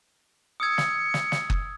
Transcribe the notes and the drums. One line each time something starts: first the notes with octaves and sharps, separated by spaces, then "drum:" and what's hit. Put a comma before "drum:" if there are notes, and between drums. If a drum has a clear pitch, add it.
D#6 E6 G#6 C#7
drum: snare
drum: snare
drum: snare
drum: kick F#1